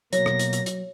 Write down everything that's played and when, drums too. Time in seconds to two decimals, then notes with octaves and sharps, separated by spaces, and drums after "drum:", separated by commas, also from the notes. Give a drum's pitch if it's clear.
0.13 B2 F#3 A#3 C#5 A#6, drum: hi-hat
0.26 drum: rim click
0.39 drum: hi-hat
0.53 drum: hi-hat
0.66 drum: hi-hat